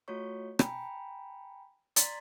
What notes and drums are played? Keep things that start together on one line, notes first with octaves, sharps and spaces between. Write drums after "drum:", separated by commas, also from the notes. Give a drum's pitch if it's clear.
A3 F4 F#4 C#5 C#6
G5 G#5 A#5 B5, drum: rim click
D5 A#5 C6 A6 B6, drum: hi-hat